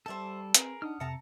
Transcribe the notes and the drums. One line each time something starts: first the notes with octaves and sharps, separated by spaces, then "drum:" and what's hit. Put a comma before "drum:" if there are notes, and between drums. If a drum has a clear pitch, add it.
G3 A4 C5 E5 A5
C4 G#4 A#4 B4, drum: hi-hat
D4 D#4 F#5 D#6 F6
F2 C3 E5 A5 A#5 C#7